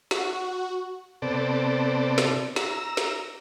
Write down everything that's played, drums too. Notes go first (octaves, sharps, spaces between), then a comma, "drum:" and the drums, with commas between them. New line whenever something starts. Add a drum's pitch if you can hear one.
F#4, drum: snare
C3 B3 C4 A4 D5
drum: snare
A#5 E6, drum: snare
drum: snare